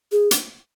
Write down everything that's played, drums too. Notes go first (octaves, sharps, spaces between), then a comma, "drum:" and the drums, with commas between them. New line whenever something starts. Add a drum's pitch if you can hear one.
G#4
drum: hi-hat